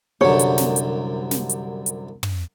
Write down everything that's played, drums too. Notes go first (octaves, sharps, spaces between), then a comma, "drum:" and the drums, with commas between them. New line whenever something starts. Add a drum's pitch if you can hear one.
C2 F#2 D3 C#5
drum: hi-hat
drum: snare
drum: hi-hat
drum: snare
drum: hi-hat
drum: hi-hat
drum: tom